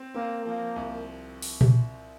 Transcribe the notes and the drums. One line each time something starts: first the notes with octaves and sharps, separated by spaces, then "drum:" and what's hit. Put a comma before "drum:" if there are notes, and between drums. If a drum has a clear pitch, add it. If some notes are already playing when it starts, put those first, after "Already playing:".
Already playing: C4
A#3 C4
F3 A#3
C2
drum: open hi-hat
drum: tom A#2